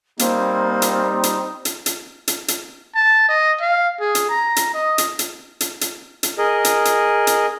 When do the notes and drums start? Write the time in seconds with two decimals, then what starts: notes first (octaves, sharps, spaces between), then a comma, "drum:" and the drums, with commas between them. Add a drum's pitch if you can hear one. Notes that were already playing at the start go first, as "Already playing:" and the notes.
0.19 G3 A#3 C4 D#4, drum: hi-hat
0.82 drum: hi-hat
1.23 drum: hi-hat
1.65 drum: hi-hat
1.86 drum: hi-hat
2.28 drum: hi-hat
2.48 drum: hi-hat
2.95 A5
3.29 D#5
3.61 F5
4.00 G#4
4.15 drum: hi-hat
4.29 A#5
4.56 drum: hi-hat
4.74 D#5
4.98 drum: hi-hat
5.19 drum: hi-hat
5.60 drum: hi-hat
5.81 drum: hi-hat
6.23 drum: hi-hat
6.38 G#4 A#4 D#5
6.65 drum: hi-hat
6.85 drum: hi-hat
7.27 drum: hi-hat